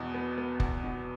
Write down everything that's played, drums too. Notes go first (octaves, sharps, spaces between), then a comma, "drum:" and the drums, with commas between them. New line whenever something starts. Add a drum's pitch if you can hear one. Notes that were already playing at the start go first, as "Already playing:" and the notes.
Already playing: E2 B2 B3
B3
B3
E2, drum: kick
B2